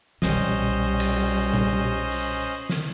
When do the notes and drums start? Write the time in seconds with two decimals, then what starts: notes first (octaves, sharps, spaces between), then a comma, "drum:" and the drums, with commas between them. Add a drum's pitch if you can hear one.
0.22 B1 A#2 G3 C#4 C5 D#5, drum: snare
1.00 drum: cymbal
1.54 drum: tom A#2
2.11 drum: open hi-hat
2.69 drum: snare